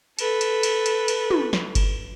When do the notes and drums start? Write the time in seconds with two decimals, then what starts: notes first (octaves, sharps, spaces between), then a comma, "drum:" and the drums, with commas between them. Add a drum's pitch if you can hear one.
0.19 A4 B4, drum: cymbal
0.41 drum: cymbal
0.63 drum: cymbal
0.86 drum: cymbal
1.08 drum: cymbal
1.31 drum: tom
1.53 drum: snare
1.75 drum: kick G1, cymbal